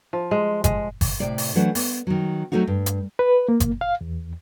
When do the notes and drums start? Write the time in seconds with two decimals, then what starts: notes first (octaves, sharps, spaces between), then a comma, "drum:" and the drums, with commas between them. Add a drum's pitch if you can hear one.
0.13 F3
0.31 G#3
0.64 G#3, drum: kick G1, hi-hat
1.01 drum: kick G1, open hi-hat
1.20 A2 C3 D5
1.38 drum: open hi-hat
1.55 E3 F#3 A3 D4 C5 F#5
1.75 B3, drum: open hi-hat
2.07 D#3 F#3
2.52 F#3 G3 A3 C4 D#4 F#4
2.67 G2
2.86 drum: hi-hat
3.19 B4
3.48 A#3
3.60 drum: kick G1, hi-hat
3.81 F5
4.01 E2